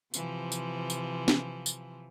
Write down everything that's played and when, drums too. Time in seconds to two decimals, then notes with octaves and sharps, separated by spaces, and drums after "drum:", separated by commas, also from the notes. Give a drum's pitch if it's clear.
0.14 C3 E3 F3, drum: tambourine
0.52 drum: tambourine
0.90 drum: tambourine
1.28 drum: snare
1.66 drum: tambourine